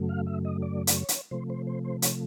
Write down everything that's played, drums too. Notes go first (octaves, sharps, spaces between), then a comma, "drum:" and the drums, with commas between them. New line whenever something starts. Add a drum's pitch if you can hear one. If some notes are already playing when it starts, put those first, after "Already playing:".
Already playing: F#2 C#3 F#3 A3
F5
E5
D#5
D5
D5, drum: hi-hat
C#5
drum: hi-hat
C3 F3 A3 C5
C5
C5
C5
C#5, drum: hi-hat